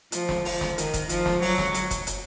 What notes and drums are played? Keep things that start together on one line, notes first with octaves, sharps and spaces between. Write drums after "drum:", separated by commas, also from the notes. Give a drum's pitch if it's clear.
F3, drum: hi-hat
drum: snare
F3, drum: open hi-hat
drum: snare
D#3, drum: hi-hat
drum: kick F1, hi-hat
F3, drum: hi-hat
drum: snare
F#3, drum: open hi-hat
drum: snare
drum: hi-hat
drum: kick F1, hi-hat
drum: hi-hat